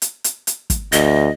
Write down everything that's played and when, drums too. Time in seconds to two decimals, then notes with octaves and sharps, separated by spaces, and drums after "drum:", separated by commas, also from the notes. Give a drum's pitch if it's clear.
0.02 drum: hi-hat
0.24 drum: hi-hat
0.47 drum: hi-hat
0.70 drum: kick, hi-hat
0.92 D2 D#5, drum: hi-hat